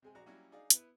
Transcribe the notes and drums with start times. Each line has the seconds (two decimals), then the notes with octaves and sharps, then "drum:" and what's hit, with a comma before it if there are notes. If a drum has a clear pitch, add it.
0.02 C3 G#3 G#5
0.15 A#1 F#4 G#4 D5 A#5
0.26 F#3 G3 A#3 C#4 E4 F#4
0.52 D4 D#4 G#4 D5 F5
0.70 B3 E4 B4, drum: hi-hat